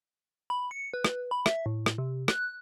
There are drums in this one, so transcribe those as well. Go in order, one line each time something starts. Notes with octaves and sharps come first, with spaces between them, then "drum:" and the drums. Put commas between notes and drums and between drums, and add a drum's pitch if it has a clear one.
B5
C#7
B4
drum: rim click
B5
E5, drum: rim click
A2
drum: rim click
C3
F#6, drum: rim click